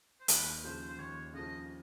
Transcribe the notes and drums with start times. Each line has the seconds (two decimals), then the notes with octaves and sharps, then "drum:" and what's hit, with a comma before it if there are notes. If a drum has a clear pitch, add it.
0.20 C5
0.28 D#2 B4, drum: hi-hat
0.64 C#3 F3 C5
0.88 C5
0.98 D#2 C#5
1.34 C#3 F3 D#5